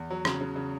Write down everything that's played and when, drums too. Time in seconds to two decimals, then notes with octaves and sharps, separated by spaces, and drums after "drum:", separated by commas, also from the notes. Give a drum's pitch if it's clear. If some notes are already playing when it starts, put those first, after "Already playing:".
Already playing: E2
0.10 F#3
0.25 C#3, drum: rim click
0.41 C#3
0.56 C#3